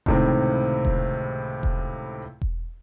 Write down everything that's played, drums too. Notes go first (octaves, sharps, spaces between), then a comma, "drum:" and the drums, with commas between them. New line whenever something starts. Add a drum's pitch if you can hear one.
C#2 A2 C3 D#3 C4, drum: kick E1
drum: kick E1
drum: kick E1
drum: kick E1